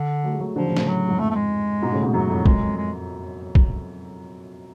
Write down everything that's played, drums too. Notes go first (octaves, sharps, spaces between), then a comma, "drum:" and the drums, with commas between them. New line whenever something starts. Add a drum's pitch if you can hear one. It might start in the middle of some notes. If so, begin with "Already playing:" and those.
Already playing: D3
F#3 A3
G#3
F#3 A3
D3 F3 F#3
A2 C#3
A2 C#3, drum: snare
F#3
F2 G#2
A3
A3
G#3
G#2 B2
A2 C#3
G#2 B2
F#2 F#3
F2
F#2 G#3, drum: kick
F2
G#3
drum: kick